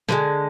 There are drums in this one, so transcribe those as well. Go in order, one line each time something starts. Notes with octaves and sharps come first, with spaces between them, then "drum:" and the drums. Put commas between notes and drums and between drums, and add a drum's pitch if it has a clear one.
D3 F3 G#3, drum: snare